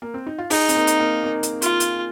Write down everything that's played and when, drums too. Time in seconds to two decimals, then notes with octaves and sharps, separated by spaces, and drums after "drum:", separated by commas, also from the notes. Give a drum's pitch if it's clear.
0.02 A#3
0.14 C4
0.27 D#4
0.38 F4
0.50 D#4 G#4, drum: open hi-hat
0.69 C4, drum: hi-hat
0.75 A#3
0.87 drum: hi-hat
1.00 A#3
1.24 A#3
1.43 drum: hi-hat
1.62 F4, drum: hi-hat
1.80 drum: hi-hat